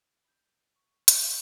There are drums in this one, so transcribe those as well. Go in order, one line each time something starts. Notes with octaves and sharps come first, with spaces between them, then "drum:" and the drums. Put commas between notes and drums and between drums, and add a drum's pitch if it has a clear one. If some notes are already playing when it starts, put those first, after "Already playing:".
B5 G6
C#6
A#5 F6 G#6 A6 C#7, drum: hi-hat